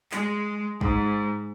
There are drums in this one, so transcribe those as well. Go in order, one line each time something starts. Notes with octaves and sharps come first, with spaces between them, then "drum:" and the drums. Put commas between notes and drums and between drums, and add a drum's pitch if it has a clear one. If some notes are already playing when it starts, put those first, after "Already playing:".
G#3, drum: clap
G#2, drum: kick